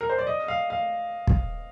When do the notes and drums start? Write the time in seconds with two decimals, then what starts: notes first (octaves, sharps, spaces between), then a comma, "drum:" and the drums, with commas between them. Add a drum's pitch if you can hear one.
0.01 A#4
0.09 C5
0.18 D5
0.27 D#5
0.48 F5
0.70 F5
1.27 drum: kick